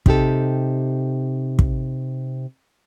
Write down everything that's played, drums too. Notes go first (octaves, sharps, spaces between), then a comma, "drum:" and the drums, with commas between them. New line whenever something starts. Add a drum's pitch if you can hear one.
C3 D#4 G4 A4, drum: kick
drum: kick